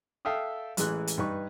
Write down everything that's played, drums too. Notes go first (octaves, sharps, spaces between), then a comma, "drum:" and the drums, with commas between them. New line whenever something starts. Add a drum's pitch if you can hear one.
A4 E5 F5 G5 D#6
A1 E3 G#3 F#6, drum: hi-hat
drum: hi-hat
G2 D#4 B4 C#6